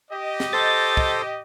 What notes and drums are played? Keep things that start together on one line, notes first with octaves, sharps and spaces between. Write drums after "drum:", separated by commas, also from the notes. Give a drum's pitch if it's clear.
G4 D#5
drum: snare
A4 C5 A6
drum: kick